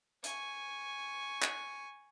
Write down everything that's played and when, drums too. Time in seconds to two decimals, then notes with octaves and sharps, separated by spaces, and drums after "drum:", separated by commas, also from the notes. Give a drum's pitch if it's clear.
0.24 G#5 C#6, drum: hi-hat
1.42 drum: clap